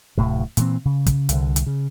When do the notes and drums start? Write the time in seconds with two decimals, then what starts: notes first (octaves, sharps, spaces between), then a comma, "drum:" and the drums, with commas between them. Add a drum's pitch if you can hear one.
0.17 D1 A2 C3
0.57 A#2 E3 C4, drum: hi-hat
0.85 C#3
1.06 drum: kick, hi-hat
1.29 C2 D3, drum: hi-hat
1.56 drum: hi-hat
1.66 C#3